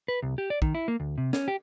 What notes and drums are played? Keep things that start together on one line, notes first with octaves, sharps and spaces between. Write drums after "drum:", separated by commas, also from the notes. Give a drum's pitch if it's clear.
B4
C2
G4
D5
D#3, drum: kick
E4
A#3
D2
C3
C#4, drum: snare
G4